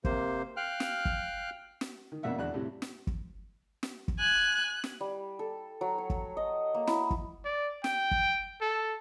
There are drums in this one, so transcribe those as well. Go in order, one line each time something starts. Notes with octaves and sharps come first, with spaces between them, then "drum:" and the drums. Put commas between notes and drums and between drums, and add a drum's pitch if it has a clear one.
C3 A#3 C5, drum: kick
F5 G5 F6 F#6
drum: snare
drum: kick
drum: snare
D#3
F2 B2 A#3 D4 E5 F#5
E2 D4 F#4 F#6
A2 C3 G3
drum: snare
drum: kick
drum: snare
drum: kick
G#5 F#6
drum: snare
G3
A4
F#3
C#5
drum: kick
D#5
A#3
E4, drum: snare
drum: kick
D5
G5, drum: snare
drum: kick
A4